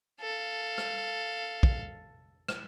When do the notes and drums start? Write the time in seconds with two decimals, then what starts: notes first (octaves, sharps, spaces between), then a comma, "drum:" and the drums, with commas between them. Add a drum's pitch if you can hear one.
0.21 A4 F5
0.78 drum: rim click
1.63 drum: kick
2.49 drum: rim click